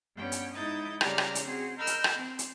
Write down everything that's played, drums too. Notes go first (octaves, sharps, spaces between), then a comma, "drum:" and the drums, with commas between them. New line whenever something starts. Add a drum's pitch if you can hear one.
G2 B3 C#4 G5
drum: hi-hat
G#2 D#4 E4 D#6 G6 A6
C#3 G3 G4 D5 A#5 F6, drum: rim click
drum: rim click
drum: hi-hat
C4 F#4 G#4
A#4 D#5 B5 E6 F6 G6
drum: hi-hat
drum: rim click
C4
drum: hi-hat